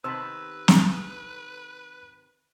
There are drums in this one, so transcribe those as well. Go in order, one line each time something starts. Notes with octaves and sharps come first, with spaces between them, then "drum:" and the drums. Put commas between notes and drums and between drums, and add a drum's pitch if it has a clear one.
C3 D#3 B3 B4 C5 A5 B5 E6
drum: snare